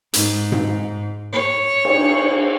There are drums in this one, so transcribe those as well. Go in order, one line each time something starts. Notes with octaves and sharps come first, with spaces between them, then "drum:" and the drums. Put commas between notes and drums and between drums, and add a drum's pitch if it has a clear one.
G#2, drum: hi-hat
drum: tom G#2
C#5
drum: cymbal